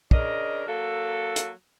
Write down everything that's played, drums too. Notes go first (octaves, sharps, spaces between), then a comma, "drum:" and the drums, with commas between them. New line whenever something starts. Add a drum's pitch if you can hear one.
C#3 D4 A#4 D#5, drum: kick
F#3 A#3 A4
drum: hi-hat